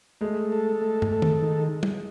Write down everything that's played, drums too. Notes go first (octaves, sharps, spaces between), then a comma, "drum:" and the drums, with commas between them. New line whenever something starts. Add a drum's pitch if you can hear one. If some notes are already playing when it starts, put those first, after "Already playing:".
G#3 A3
A4
A3
drum: tom
A4
drum: tom
D#3
drum: tom